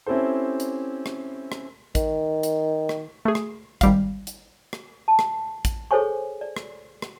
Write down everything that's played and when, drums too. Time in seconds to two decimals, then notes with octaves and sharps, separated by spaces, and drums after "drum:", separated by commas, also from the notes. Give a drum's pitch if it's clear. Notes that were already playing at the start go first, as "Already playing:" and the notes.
0.06 C4 C#4 E4 G4 A4 C5
0.60 drum: hi-hat
1.06 drum: rim click
1.52 drum: rim click
1.95 D#3, drum: kick, hi-hat
2.43 drum: hi-hat
2.89 drum: rim click
3.25 A3 G#4
3.35 drum: rim click
3.81 G#1 G3 F5, drum: kick, hi-hat
4.27 drum: hi-hat
4.73 drum: rim click
5.08 A5
5.19 drum: rim click
5.65 drum: kick, hi-hat
5.91 G#4 A4 C5 C#5 G#5 C#6
6.41 D5
6.57 drum: rim click
7.02 drum: rim click